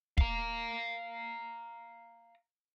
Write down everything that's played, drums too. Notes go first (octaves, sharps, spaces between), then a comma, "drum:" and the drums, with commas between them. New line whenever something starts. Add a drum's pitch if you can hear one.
F5 A#5, drum: kick